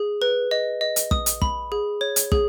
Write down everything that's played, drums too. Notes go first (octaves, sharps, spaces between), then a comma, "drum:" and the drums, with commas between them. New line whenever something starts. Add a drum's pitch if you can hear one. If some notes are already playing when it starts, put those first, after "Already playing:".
Already playing: G#4
B4
D#5
D#5
drum: hi-hat
D#6, drum: kick
drum: hi-hat
B5, drum: kick
G#4
C#5
drum: hi-hat
G#4, drum: kick